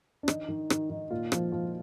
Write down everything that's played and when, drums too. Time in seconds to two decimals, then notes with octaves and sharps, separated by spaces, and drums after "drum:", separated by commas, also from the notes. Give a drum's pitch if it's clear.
0.23 D4
0.28 D#3 D#4, drum: rim click
0.48 D#3
0.70 D#3, drum: rim click
0.90 D#3
1.10 A#2 F4
1.32 F3, drum: rim click
1.52 F3